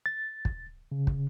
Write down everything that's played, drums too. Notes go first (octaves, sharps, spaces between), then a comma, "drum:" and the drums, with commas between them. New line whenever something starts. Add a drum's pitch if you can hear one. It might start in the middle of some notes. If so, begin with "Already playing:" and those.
A6
drum: kick
C#3
drum: kick